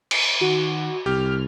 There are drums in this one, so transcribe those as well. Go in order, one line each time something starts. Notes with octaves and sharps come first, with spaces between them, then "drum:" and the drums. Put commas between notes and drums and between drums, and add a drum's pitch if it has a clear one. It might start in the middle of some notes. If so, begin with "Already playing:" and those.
drum: cymbal
D#3 F#4
C2 G4 F6